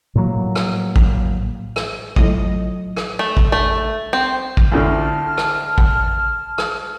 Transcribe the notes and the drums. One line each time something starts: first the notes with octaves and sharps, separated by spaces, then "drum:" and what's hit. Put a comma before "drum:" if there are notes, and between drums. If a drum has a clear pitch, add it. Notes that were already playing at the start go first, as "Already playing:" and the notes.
A2 F3 F#3 A#3
drum: rim click
drum: kick A1
drum: rim click
A2 F#3 F4 D#5, drum: kick A1
drum: rim click
A3
drum: kick A1
A3
C4
drum: kick A1
D2 A2 D3 A5 F6
drum: rim click
drum: kick A1
drum: rim click